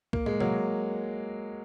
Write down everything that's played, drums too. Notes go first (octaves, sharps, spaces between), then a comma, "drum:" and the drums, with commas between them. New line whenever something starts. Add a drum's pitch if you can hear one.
A#3, drum: kick
G#3, drum: tom
F#3 A#3, drum: tom C3